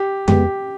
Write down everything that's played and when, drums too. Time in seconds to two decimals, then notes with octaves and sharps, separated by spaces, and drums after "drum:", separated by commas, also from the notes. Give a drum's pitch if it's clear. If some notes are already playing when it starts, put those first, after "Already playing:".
Already playing: G4
0.28 G#3 B3 G4, drum: tom F2